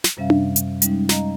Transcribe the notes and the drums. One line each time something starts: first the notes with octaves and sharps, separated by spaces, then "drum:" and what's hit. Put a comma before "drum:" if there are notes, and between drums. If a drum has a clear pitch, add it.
drum: snare
F#2 C3 G3 C#4 E5 F5
drum: tom D4
drum: hi-hat
G3 G#3 C#4 D#4, drum: hi-hat
D#5 F5 A#5, drum: snare